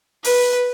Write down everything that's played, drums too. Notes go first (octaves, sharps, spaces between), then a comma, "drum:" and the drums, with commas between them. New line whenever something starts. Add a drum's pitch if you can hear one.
B4, drum: open hi-hat